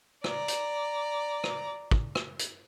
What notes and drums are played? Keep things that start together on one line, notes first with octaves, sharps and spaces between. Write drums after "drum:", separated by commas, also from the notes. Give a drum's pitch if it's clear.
D5 A#5, drum: rim click
drum: hi-hat
drum: rim click
drum: kick
drum: rim click
drum: hi-hat